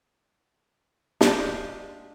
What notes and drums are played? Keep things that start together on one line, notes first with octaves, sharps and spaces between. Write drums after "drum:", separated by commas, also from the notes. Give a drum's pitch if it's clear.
G#3 D4 F4 G4, drum: snare